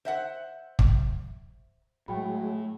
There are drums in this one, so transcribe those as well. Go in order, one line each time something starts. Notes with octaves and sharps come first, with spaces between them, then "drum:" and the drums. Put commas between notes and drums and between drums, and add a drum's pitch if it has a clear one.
C5 E5 F#5
drum: kick
A2 F#3 G#3 G5 B5